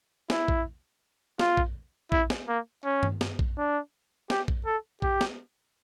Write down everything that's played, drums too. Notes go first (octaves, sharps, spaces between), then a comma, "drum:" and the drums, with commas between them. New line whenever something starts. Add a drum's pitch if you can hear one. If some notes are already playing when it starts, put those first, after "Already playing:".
E4, drum: snare
drum: kick A#1
F4, drum: snare
drum: kick A#1
E4, drum: kick A#1
drum: snare
A#3
C#4
drum: tom G2
drum: snare
drum: kick A#1
D4
G4, drum: snare
drum: kick A#1
A4
G4, drum: kick A#1
drum: snare